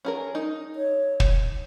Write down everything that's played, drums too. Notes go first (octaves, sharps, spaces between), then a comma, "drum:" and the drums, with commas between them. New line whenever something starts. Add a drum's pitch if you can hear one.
C#4 G#4 A#4
D#4
C#5
drum: kick